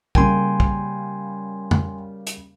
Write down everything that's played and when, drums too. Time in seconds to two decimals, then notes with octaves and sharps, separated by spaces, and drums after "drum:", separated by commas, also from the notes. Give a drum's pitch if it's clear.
0.15 C#3 G3 A#3 G5 G#5 C6, drum: kick
0.60 drum: kick
1.71 drum: tom F2
2.27 drum: hi-hat